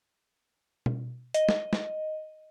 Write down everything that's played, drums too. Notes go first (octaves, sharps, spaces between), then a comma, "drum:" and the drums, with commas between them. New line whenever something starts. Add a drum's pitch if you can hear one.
drum: tom B2
D#5, drum: hi-hat
drum: snare
drum: snare